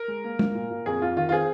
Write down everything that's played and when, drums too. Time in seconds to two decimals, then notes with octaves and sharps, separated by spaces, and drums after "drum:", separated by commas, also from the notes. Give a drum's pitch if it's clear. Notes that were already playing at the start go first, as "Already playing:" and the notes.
Already playing: A#4
0.08 G#3
0.24 A#3
0.39 A#3, drum: tom
0.55 A#2
0.71 A#2
0.86 F2 G#4
1.02 F2 F4
1.17 D#3 F4
1.29 F4
1.32 C4 G#4